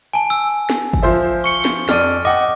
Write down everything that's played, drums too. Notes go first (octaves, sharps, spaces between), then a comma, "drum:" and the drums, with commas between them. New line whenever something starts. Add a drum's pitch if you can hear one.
G#5 A5
E6
drum: snare
drum: kick
F3 C5 E5
C#6 C#7 G7
drum: snare
F2 D5 F6 D#7, drum: snare
D#5 F#5 G5 D6